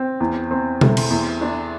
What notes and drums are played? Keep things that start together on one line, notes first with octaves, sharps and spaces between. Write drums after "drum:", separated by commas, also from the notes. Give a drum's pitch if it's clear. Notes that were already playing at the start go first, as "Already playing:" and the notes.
Already playing: C4
E2
C4
A3, drum: tom B2
drum: cymbal
E2
D4